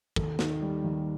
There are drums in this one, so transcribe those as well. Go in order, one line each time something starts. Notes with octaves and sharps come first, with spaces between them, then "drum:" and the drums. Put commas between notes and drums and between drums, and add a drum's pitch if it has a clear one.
D#2 A4, drum: kick
D#3, drum: snare
G3
D#2